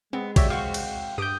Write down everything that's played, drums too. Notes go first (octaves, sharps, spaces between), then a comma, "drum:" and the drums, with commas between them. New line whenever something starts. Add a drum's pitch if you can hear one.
G#3 B3 C4
F#4 G4 C#5 D5 E5, drum: kick A#1, cymbal
C4 F#4 F5 C#6
drum: cymbal
G2 G4 D#6 G6 D7